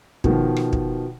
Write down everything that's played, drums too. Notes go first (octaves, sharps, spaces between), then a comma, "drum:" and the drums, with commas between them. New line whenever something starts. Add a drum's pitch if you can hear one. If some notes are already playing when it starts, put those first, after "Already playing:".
B2 D#3 F3, drum: kick
drum: rim click
drum: kick